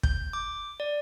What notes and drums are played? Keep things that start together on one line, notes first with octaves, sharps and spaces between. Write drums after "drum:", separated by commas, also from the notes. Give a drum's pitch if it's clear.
G6, drum: kick
D6
D5